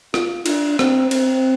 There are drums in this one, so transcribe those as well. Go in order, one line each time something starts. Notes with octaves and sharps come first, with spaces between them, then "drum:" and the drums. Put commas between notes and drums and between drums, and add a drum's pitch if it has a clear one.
F4, drum: rim click
D4, drum: cymbal
C4, drum: rim click
C4, drum: cymbal